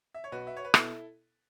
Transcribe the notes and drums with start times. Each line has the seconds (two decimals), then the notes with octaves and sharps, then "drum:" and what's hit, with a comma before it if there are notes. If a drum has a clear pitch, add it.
0.14 E5
0.24 C#5
0.32 B1 F#4 B4
0.47 E5
0.56 C#5
0.65 B4
0.74 B2 B3 E4 A4, drum: rim click